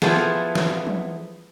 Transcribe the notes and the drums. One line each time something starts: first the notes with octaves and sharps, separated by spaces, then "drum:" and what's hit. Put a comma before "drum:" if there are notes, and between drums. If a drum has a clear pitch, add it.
F3 B3 E4 G#4 A4, drum: snare
drum: snare
drum: tom